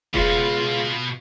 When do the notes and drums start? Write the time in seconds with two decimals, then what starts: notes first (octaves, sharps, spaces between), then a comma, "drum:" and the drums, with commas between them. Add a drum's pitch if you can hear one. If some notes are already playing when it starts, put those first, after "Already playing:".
0.14 C#2 B2 F4 F#4, drum: kick E1